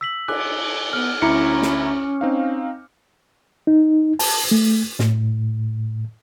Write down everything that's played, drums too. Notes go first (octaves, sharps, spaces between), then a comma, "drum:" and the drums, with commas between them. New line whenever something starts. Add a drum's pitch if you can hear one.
E6 B6 F#7
G#5 D6 F#6, drum: cymbal
B3 F6
D2 C#4 E4 A#5 D6 C#7
drum: snare
C4 D#4 F5
D#4
A5, drum: open hi-hat
A3
A2, drum: snare